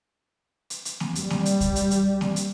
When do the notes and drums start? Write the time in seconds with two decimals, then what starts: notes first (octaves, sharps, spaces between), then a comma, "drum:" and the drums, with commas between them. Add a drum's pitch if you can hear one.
0.70 drum: hi-hat
0.85 drum: hi-hat
1.00 drum: snare A#3
1.15 G3, drum: hi-hat
1.30 drum: snare A#3
1.46 drum: hi-hat
1.61 drum: kick C2, hi-hat
1.76 drum: hi-hat
1.91 drum: hi-hat
2.21 drum: snare A#3
2.36 drum: hi-hat